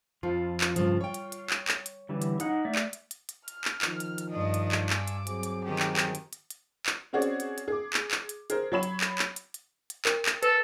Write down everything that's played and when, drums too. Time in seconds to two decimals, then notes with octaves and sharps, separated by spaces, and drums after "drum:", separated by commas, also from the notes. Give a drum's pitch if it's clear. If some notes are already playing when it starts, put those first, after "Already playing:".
0.23 F2 F3 F4
0.61 drum: clap
0.76 G2 C#3 F3, drum: hi-hat
1.01 C#5 G5
1.14 drum: hi-hat
1.32 drum: hi-hat
1.50 drum: clap
1.68 drum: clap
1.86 drum: hi-hat
2.09 D3 E3 G3
2.22 drum: hi-hat
2.40 D#4 F#5, drum: hi-hat
2.65 A3 D5 E5
2.75 drum: clap
2.93 drum: hi-hat
3.11 drum: hi-hat
3.29 drum: hi-hat
3.48 F6, drum: hi-hat
3.65 drum: clap
3.82 D#3 F3, drum: clap
4.00 drum: hi-hat
4.18 drum: hi-hat
4.30 G2 D4 D#5
4.54 drum: hi-hat
4.72 drum: clap
4.90 G#5 D6 E6, drum: clap
5.08 drum: hi-hat
5.27 F#3 C4 G#4, drum: hi-hat
5.43 drum: hi-hat
5.66 D#3 G4
5.79 drum: clap
5.97 drum: clap
6.15 drum: hi-hat
6.33 drum: hi-hat
6.50 drum: hi-hat
6.86 drum: clap
7.13 C4 C#4 F#4 G#4 C#5 D5
7.22 drum: hi-hat
7.40 drum: hi-hat
7.58 drum: hi-hat
7.68 G#4 D6
7.93 drum: clap
8.11 drum: clap
8.29 drum: hi-hat
8.50 G#4 A#4 C5, drum: hi-hat
8.72 F#3 C#5 B5 E7
8.83 drum: hi-hat
9.01 drum: clap
9.19 drum: clap
9.36 drum: hi-hat
9.54 drum: hi-hat
9.90 drum: hi-hat
10.05 A#4, drum: clap
10.26 drum: clap
10.43 A4 B4, drum: hi-hat